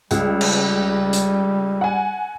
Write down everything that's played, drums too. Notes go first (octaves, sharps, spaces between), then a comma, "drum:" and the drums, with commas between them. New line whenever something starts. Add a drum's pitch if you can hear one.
C#2 G3, drum: hi-hat
drum: cymbal
drum: hi-hat
F#5 G#5